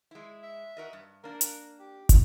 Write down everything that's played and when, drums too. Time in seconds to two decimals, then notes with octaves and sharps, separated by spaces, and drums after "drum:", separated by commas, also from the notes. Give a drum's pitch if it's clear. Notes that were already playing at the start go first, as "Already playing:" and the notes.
0.11 G#3 E4
0.43 E5
0.77 F#4 A#4 D#5
0.93 G2
1.24 A#3 D4 A#4
1.41 drum: hi-hat
1.80 G4
2.09 drum: kick, hi-hat